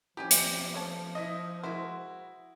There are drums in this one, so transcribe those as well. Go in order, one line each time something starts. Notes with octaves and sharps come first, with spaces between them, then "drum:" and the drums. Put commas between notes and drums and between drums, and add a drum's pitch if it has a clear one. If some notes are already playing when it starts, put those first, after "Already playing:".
F3 G3 C#4 G4 G#5
drum: hi-hat
A3 C#5 A5
E4 D#5
G#3 E4 F#4 A#4 C5